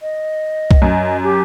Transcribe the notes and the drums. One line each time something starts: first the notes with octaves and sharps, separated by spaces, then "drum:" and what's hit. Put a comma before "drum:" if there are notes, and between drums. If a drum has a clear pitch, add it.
D#5
drum: kick B1
F#2
G4